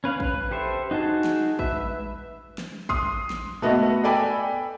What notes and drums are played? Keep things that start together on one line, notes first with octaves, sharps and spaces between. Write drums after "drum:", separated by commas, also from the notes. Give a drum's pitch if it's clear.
C#4 B4 F5
B4, drum: kick A1
G4 A4 C5 E5
D#4 F#4 G#4 A5
drum: snare
B4 E5, drum: kick A1
drum: tom G3
drum: snare
C6 D#6, drum: kick A1
drum: snare
A3 B3 F#4 D#5
A4 D5 G5 G#5 B5